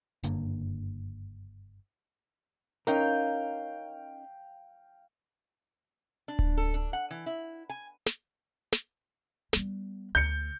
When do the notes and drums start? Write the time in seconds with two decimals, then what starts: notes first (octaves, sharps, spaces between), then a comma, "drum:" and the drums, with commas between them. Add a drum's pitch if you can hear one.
0.23 F#1 G2 D3 A#3, drum: hi-hat
2.87 C#4 D#4 A#4 F5 G5, drum: hi-hat
6.28 D4
6.39 drum: kick D1
6.57 A4
6.74 D4
6.93 F#5
7.11 E3
7.26 E4
7.70 G#5
8.06 drum: snare
8.72 drum: snare
9.53 G3 B3, drum: snare
10.15 D2 G6 C#7